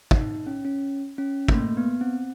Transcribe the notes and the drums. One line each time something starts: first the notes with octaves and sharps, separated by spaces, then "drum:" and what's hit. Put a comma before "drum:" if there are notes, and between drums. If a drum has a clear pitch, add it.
D#4, drum: kick
C#4
C#4
C#4
A3, drum: kick
A#3
B3
C4